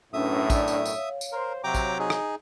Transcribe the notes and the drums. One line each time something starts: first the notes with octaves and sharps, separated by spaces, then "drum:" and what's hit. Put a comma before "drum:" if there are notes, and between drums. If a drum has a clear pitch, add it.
B1 F#2 A2 C#4 D4 B4 E5 D#6
D4 D5, drum: kick, tambourine
drum: tambourine
drum: tambourine
C#5 F5
drum: tambourine
A#4 C5
C3 F#3 G5 A#5 D6
drum: kick, tambourine
D#4 G#4
drum: rim click